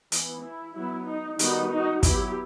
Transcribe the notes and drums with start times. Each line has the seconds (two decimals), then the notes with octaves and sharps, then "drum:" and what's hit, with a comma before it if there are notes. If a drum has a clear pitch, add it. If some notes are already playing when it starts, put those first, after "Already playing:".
0.12 E3 B3, drum: hi-hat
0.44 E4
0.75 F#3 B3 E4
1.07 D#4
1.39 D#3 G3 B3 D#4 F#4, drum: hi-hat
1.71 D#4 F#4
2.03 F#3 B3 E4 G4, drum: kick, hi-hat